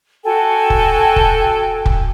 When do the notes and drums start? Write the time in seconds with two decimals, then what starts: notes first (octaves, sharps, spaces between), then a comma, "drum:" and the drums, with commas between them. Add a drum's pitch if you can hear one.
0.24 F#4 A4 G5 G#5
0.70 drum: kick
1.16 drum: kick
1.86 drum: kick